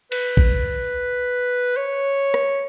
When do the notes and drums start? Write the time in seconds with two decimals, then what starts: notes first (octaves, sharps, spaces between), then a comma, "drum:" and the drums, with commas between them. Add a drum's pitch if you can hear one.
0.12 B4, drum: cymbal
0.37 drum: kick A1
1.77 C#5
2.34 drum: rim click